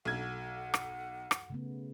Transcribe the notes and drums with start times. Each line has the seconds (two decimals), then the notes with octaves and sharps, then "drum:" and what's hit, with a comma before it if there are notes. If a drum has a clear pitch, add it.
0.05 B1 F#4 A4 F#5 G#6
0.74 drum: rim click
1.31 drum: rim click
1.50 C#3 A3 B3